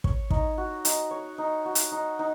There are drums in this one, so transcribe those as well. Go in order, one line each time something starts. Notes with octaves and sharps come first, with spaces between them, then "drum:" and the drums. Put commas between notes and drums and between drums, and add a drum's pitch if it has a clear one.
C#5, drum: kick
D#4, drum: kick
F#4
D#4, drum: hi-hat
C#5
D#4
F#4
drum: hi-hat
D#4
D#4